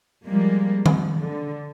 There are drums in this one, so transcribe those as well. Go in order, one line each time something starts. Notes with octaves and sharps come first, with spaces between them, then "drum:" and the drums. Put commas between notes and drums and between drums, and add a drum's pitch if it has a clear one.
F3 G3 G#3 A#3
F3, drum: tom D#3
D3